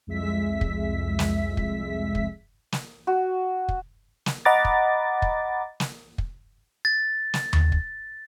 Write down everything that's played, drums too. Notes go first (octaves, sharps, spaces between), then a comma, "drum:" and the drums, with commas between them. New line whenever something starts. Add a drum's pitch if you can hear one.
C2 F2 G#3 E5 B6
drum: kick
drum: snare
drum: kick
drum: kick
drum: snare
F#4
drum: kick
drum: snare
D#5 F#5 A#5 B5 D6 A6
drum: kick
drum: kick
drum: snare
drum: kick
A6
drum: snare
drum: tom D#2
drum: kick